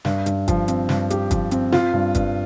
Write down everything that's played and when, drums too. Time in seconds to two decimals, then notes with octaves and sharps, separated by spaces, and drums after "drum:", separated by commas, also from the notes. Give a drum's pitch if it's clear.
0.05 G2, drum: snare
0.26 G2, drum: hi-hat
0.48 F3, drum: kick, hi-hat
0.68 C4, drum: hi-hat
0.89 G2, drum: snare
1.10 G4, drum: hi-hat
1.31 F3, drum: kick, hi-hat
1.51 C4, drum: hi-hat
1.72 F4, drum: snare
1.93 G2
2.15 G2, drum: kick, hi-hat